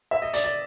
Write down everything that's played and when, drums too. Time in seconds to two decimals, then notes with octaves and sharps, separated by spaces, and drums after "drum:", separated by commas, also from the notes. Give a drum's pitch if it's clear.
0.11 E5
0.22 D#5
0.33 D5, drum: hi-hat
0.44 D5